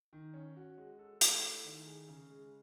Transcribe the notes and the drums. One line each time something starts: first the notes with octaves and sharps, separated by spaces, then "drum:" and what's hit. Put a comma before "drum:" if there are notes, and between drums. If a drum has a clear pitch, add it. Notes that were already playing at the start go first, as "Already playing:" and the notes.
D#3
C#4
F#4
G#3
A4
A3, drum: hi-hat
E4
D#3
G#4
C#3
G#3